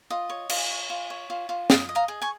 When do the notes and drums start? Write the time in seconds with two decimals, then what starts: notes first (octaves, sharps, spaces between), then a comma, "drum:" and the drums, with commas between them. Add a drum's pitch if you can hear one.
0.10 F4 D#5
0.30 C#5
0.49 F4, drum: cymbal
0.70 C#5
0.90 F4
1.10 C#5
1.30 F4
1.49 F4
1.70 D#5 F5, drum: snare
1.89 D#5
1.95 F5 A#5
2.08 G#4
2.22 G#5 C#6